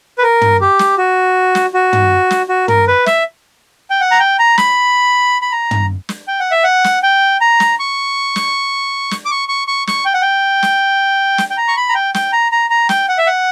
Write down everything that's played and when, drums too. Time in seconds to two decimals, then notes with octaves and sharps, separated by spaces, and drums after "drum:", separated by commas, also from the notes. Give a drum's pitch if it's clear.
0.18 B4
0.23 A#4
0.41 drum: tom
0.61 G4
0.79 drum: snare
0.98 F#4
1.55 drum: snare
1.74 F#4
1.93 drum: tom
2.31 drum: snare
2.49 F#4
2.68 A#4, drum: tom
2.88 B4
3.06 E5, drum: snare
3.90 G5
4.01 F#5
4.11 A#5
4.20 G5
4.39 A#5
4.58 B5, drum: snare
5.42 B5
5.52 A#5
5.71 drum: tom
6.09 drum: snare
6.28 G5
6.40 F#5
6.51 E5
6.64 F#5
6.84 drum: snare
7.03 G5
7.41 A#5
7.60 drum: snare
7.79 C#6
8.36 drum: snare
9.11 drum: snare
9.25 D6
9.31 C#6
9.49 C#6
9.68 C#6
9.87 C#6, drum: snare
10.05 G5
10.14 F#5
10.22 G5
10.63 drum: snare
11.38 drum: snare
11.50 G5
11.57 A#5
11.68 C#6
11.77 B5
11.89 A#5
11.95 G5
12.14 G5, drum: snare
12.33 A#5
12.52 A#5
12.70 A#5
12.89 G5, drum: snare
13.09 F#5
13.18 E5
13.27 F#5